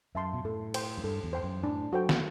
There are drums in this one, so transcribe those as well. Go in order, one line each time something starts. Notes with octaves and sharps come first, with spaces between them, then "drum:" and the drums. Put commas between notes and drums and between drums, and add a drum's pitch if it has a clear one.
F#2 E5 A5 C6
B2
A2 A4
C5 G5 C6, drum: cymbal
F#2
G2 A4
E2
C5 G5 C6
F#2
A2 D4
F#3 F#4 A4 C5 G5
drum: snare